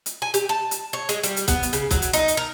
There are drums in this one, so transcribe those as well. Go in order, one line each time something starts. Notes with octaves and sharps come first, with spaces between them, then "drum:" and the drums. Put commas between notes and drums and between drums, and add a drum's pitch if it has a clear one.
drum: hi-hat
G#5
G4, drum: hi-hat
A5
drum: hi-hat
C#5
G#3, drum: hi-hat
G3, drum: hi-hat
drum: hi-hat
B3, drum: kick, hi-hat
drum: hi-hat
C#3, drum: hi-hat
F#3, drum: kick, hi-hat
drum: hi-hat
D#4, drum: hi-hat
drum: hi-hat
A#4